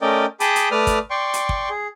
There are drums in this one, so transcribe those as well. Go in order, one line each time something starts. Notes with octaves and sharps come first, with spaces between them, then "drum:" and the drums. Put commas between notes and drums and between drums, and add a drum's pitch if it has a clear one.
A3 C#4 A#4 D5 D#5 G5
G#4 G5 A5 B5 D6 D#6, drum: hi-hat
drum: hi-hat
A3 B4 D5 D#6 F6
drum: kick, hi-hat
D5 G5 C6 C#6
drum: hi-hat
drum: kick
G#4